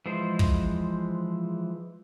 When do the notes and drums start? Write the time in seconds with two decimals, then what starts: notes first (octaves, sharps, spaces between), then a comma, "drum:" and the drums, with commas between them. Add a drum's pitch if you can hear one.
0.06 E3 F3 G#3 C5
0.39 drum: kick